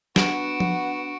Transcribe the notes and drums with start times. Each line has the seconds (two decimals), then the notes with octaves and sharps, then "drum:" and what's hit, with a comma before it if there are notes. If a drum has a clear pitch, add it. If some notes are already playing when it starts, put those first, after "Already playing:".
0.16 B3 D4 F#4 D7 E7, drum: snare
0.60 drum: tom F3